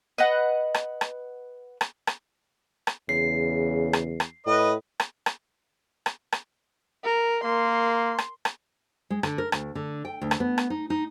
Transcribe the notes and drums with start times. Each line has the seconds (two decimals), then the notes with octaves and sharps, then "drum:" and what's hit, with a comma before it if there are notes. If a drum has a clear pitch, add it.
0.18 B4 D#5 F#5
0.74 drum: rim click
1.01 drum: rim click
1.81 drum: rim click
2.07 drum: rim click
2.87 drum: rim click
3.09 E2 C#3 C7
3.93 drum: rim click
4.20 drum: rim click
4.46 A2 B4 D#5
5.00 drum: rim click
5.26 drum: rim click
6.06 drum: rim click
6.32 drum: rim click
7.04 A#4
7.44 A#3 C6
8.18 drum: rim click
8.45 drum: rim click
9.10 G#3
9.23 D3, drum: rim click
9.38 A#4
9.52 D2, drum: rim click
9.75 D3
10.05 G5
10.22 D2
10.31 drum: rim click
10.40 B3
10.58 drum: rim click
10.70 D#4
10.90 D#4